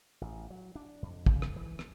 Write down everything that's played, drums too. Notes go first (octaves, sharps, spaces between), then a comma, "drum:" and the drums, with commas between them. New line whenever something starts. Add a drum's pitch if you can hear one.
A1
F#3
D4
F2
C#3, drum: kick
drum: rim click
E3
drum: rim click